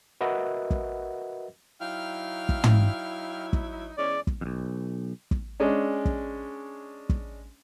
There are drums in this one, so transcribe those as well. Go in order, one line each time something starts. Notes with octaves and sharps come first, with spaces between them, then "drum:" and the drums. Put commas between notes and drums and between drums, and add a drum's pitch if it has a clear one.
F#4 A#4 B4 D#5 E5 F#5
drum: kick
F#3 D#4 E4 F5 G5 F6
drum: kick
drum: tom
drum: kick
E2 G#3 C#4 D5
drum: kick
B1 F2
drum: kick
G#3 C#4 D4
drum: kick
drum: kick